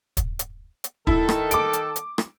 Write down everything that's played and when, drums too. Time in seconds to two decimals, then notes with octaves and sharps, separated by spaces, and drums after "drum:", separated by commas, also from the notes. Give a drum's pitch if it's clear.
0.17 drum: kick, hi-hat
0.39 drum: hi-hat
0.84 drum: hi-hat
1.07 D#3 E4 A4, drum: kick
1.29 drum: rim click
1.51 D6 D7, drum: hi-hat
1.73 drum: hi-hat
1.96 drum: hi-hat
2.18 drum: rim click